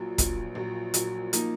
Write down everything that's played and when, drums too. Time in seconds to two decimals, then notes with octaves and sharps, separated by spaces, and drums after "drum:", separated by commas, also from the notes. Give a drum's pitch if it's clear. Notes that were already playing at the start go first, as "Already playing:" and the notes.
Already playing: A#1 A#2 F#3
0.18 A#1 A#2 F#3, drum: kick, hi-hat
0.55 A#1 A#2 F#3
0.94 A#1 A#2 F#3, drum: hi-hat
1.33 F3 A#3 D#4, drum: hi-hat